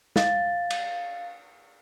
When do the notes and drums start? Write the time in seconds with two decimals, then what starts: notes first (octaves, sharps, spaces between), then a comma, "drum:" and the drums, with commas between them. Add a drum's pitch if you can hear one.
0.16 F5 A6, drum: snare
0.70 drum: cymbal